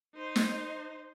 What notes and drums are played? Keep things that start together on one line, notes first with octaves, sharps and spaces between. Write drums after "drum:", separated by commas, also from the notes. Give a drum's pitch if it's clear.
D#4 C5
drum: snare